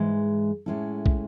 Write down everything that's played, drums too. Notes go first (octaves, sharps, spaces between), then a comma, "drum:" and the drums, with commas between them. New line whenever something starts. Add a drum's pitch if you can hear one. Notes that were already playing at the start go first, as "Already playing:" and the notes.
Already playing: G#2 E3 G#3
A2 G#3 C#4 E4 A4
drum: kick